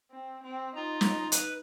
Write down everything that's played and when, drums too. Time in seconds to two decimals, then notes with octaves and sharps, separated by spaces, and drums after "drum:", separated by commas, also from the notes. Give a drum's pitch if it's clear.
0.11 C4
0.43 C4
0.76 D#4 F4 A#5
1.01 drum: snare
1.32 B4, drum: hi-hat